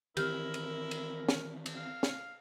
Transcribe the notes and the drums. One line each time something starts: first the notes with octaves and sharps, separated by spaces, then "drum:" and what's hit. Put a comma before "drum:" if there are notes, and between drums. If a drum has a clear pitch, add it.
D#3 E3 C4 E4 G4 A#4 F6, drum: cymbal
drum: cymbal
drum: cymbal
drum: snare
drum: cymbal
F5
drum: snare